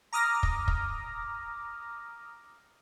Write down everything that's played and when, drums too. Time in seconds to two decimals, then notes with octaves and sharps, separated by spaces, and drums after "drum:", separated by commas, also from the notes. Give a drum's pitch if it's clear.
0.13 A#5 D6 D#6 F6 A#6
0.43 drum: kick
0.68 drum: kick